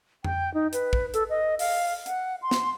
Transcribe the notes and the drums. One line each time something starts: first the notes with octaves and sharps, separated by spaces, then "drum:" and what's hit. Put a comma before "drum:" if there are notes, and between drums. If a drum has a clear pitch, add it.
G5, drum: tom F2
D#4
B4, drum: hi-hat
drum: kick
A4, drum: hi-hat
D#5
F5, drum: open hi-hat
F#5, drum: hi-hat
C6
drum: snare